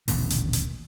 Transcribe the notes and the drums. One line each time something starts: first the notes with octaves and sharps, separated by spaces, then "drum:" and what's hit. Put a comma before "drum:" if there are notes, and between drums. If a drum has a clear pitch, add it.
D#1 A1 B2 D3, drum: open hi-hat
drum: hi-hat
drum: hi-hat